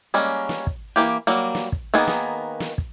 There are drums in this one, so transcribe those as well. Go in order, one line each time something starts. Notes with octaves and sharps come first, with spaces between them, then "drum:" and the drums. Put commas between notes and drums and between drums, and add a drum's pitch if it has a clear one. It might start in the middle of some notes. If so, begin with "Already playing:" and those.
G3 G#3 A#3 C#4
drum: snare
drum: kick
E3 F3 A#3 G4
F#3 G3 A#3
drum: snare
drum: kick
D#3 A#3 B3 G#4
drum: snare
drum: snare
drum: kick